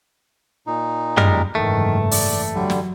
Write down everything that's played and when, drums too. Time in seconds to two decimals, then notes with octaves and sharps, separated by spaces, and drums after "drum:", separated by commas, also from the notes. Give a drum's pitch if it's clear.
0.67 A#2 D#4
1.17 G3 G#3 A#4, drum: tom
1.55 F#1 G#2 D#3 E3 A3
2.11 D5, drum: open hi-hat
2.55 D3 F#3 G3
2.70 drum: snare